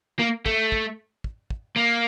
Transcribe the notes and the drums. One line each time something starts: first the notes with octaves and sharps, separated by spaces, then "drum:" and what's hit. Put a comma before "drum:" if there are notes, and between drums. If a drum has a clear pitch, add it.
A#3
A3, drum: kick
drum: kick
drum: kick
drum: kick
A#3